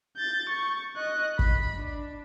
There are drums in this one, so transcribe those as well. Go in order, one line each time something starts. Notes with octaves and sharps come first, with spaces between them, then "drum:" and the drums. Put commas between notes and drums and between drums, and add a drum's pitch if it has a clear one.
G6 A6
C#6
D#5 F#6
B5, drum: kick
D4